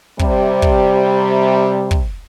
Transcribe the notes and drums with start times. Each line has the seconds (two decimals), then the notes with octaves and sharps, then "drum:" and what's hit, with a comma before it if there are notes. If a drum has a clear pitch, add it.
0.19 C3 G3, drum: kick
0.62 drum: kick
1.91 drum: kick